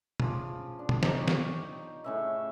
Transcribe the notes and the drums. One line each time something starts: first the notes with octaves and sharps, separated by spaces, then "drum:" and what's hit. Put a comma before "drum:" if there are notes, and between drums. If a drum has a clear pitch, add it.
C#3 F3 D6, drum: tom
D4
drum: tom
D#4 G4, drum: snare
C#5
drum: snare
A2 C#3 E5